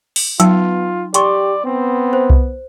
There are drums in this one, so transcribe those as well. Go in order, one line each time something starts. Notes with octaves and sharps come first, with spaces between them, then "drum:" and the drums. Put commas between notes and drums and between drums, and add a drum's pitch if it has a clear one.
drum: open hi-hat
F#3 B3 D#4 F4 G5, drum: hi-hat
G4 D5 G5 C6 C#6, drum: hi-hat
B3 C4
C5
drum: kick C2